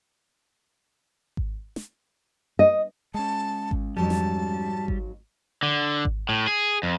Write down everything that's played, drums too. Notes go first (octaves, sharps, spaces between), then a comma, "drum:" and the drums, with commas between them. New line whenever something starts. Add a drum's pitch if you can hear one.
drum: kick G#1
drum: snare
D#5
G#3 C#4 A5
drum: kick G#1
F2 G#2 F#3 G3 A5
drum: snare
drum: kick G#1
D3
drum: kick G#1
A2
G#4
F2